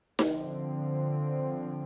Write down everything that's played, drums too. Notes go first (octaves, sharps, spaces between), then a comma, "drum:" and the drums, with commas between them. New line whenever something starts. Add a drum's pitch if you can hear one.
D3 F3 C4, drum: snare D#4